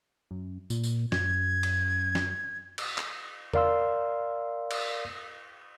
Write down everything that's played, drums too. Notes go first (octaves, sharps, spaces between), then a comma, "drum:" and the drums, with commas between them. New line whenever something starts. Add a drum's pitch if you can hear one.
F#2
A#2, drum: tambourine
drum: tambourine
F#2 G#6, drum: snare
drum: cymbal
drum: snare
drum: cymbal
drum: clap
A#4 D5 F5 C6 E6, drum: tom E2
drum: cymbal